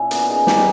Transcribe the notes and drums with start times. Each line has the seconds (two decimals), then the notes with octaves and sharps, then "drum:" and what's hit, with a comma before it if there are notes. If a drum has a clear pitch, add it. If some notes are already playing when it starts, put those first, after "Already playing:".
Already playing: A#2 C#4 E4
0.11 B3 A#4, drum: hi-hat
0.28 D#4 G#4
0.47 D#4 G4, drum: snare